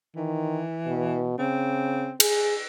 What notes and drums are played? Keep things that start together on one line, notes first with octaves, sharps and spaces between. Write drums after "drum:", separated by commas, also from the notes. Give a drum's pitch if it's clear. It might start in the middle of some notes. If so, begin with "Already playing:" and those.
D#3 E3
B2
C#3 C4
G#4, drum: cymbal